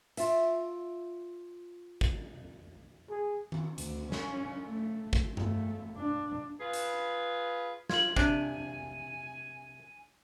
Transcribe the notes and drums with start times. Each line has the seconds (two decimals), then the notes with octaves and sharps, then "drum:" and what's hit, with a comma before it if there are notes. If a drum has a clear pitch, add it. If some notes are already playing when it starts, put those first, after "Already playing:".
0.17 F4 E5, drum: hi-hat
2.01 drum: kick
3.10 G#4
3.52 drum: tom D#3
3.78 D2, drum: hi-hat
4.12 C#4, drum: snare
4.68 A3
5.13 drum: kick
5.37 A3, drum: tom G2
5.97 D4
6.60 F4 G#4 B4
6.73 drum: hi-hat
7.89 F4 G#6 F#7, drum: snare
8.16 C3 D4 G#5, drum: kick